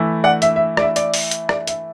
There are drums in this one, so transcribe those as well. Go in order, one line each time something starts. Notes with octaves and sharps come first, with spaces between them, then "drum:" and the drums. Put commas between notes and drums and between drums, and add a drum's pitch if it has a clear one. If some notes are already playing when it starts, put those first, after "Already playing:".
Already playing: E3 A3 E4
D5 F#5
E5, drum: hi-hat
E5
D5, drum: rim click
E5
D5, drum: hi-hat
drum: open hi-hat
drum: hi-hat
D5, drum: rim click
E5, drum: hi-hat